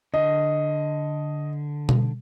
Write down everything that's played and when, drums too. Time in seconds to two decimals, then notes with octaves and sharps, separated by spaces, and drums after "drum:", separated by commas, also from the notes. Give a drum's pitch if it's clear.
0.14 D3 D#5
1.89 drum: tom B2